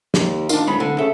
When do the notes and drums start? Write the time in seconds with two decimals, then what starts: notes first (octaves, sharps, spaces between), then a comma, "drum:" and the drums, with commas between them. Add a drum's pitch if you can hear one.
0.14 D#2, drum: snare
0.49 D#3 D4 F4, drum: tambourine
0.67 D1 G#3 B5
0.80 D3
0.98 C#3 A4 E5